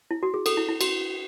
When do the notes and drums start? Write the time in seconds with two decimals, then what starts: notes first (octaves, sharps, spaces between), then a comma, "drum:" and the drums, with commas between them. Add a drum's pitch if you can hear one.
0.11 E4
0.23 F#4
0.34 G#4
0.46 A4, drum: cymbal
0.57 E4
0.68 E4
0.81 F#4, drum: cymbal